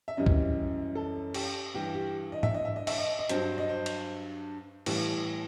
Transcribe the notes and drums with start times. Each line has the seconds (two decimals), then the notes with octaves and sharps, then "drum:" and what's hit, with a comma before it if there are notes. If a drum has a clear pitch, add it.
0.08 E5
0.17 F#2 E3 G3 D#5
0.26 drum: kick C#2
0.95 A4
1.34 G4, drum: cymbal
1.75 G2 E3 G3 G4
1.94 G4
2.32 D#5
2.43 E5, drum: tom G#2
2.54 D#5
2.65 E5
2.76 D#5
2.87 E5, drum: cymbal
2.98 D#5
3.19 D#5
3.29 G2 F#3 C5, drum: hi-hat
3.58 D#5
3.69 C5
3.86 drum: cymbal
4.86 A2 E3 G3, drum: cymbal